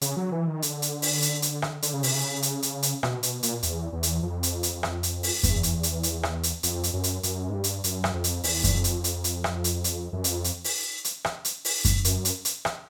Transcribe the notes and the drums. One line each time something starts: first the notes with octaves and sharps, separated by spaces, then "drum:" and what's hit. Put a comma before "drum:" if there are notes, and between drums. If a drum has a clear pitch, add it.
C#3, drum: hi-hat
F#3
E3
D#3
D3, drum: hi-hat
drum: hi-hat
drum: open hi-hat
drum: hi-hat
drum: hi-hat
drum: rim click
D3, drum: hi-hat
C#3
C3, drum: open hi-hat
C#3
drum: hi-hat
drum: hi-hat
drum: hi-hat
B2, drum: rim click
B2, drum: hi-hat
A#2, drum: hi-hat
E2, drum: hi-hat
E2
drum: hi-hat
F2
drum: hi-hat
drum: hi-hat
drum: rim click
drum: hi-hat
drum: open hi-hat
E2, drum: kick F#2, hi-hat
drum: hi-hat
drum: hi-hat
drum: hi-hat
drum: rim click
drum: hi-hat
F2, drum: hi-hat
drum: hi-hat
F#2
drum: hi-hat
F#2, drum: hi-hat
G#2
G2
drum: hi-hat
F#2, drum: hi-hat
drum: rim click
F2
drum: hi-hat
E2, drum: open hi-hat
drum: kick F#2, hi-hat
F2
drum: hi-hat
drum: hi-hat
drum: hi-hat
drum: rim click
drum: hi-hat
drum: hi-hat
F#2
F2, drum: hi-hat
drum: hi-hat
drum: open hi-hat
drum: hi-hat
drum: rim click
drum: hi-hat
drum: open hi-hat
drum: kick F#2, hi-hat
F#2, drum: hi-hat
drum: hi-hat
drum: hi-hat
drum: rim click